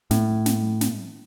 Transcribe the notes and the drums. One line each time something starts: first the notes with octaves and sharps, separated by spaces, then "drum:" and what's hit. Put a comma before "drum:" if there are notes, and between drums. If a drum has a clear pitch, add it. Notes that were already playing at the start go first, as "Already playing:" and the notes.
A2, drum: snare
drum: snare
drum: snare